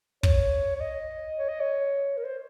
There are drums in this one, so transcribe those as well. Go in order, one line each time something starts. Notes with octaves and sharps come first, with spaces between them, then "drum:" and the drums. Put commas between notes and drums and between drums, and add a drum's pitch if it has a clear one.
C#5, drum: kick
C#5
D#5
C#5
D#5
C#5
A#4
C5